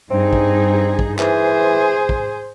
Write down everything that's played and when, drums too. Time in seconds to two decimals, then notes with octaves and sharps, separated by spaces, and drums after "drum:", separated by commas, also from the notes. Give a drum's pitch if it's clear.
0.11 G2 C4 D#4 G#4
0.33 drum: kick
0.99 drum: kick
1.19 E3 G#4 C5, drum: clap
2.09 drum: kick